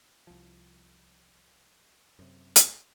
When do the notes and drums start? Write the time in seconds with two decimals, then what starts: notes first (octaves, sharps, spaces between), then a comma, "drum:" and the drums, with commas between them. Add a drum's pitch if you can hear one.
0.27 C2 F3
2.19 F#2 C3
2.56 drum: hi-hat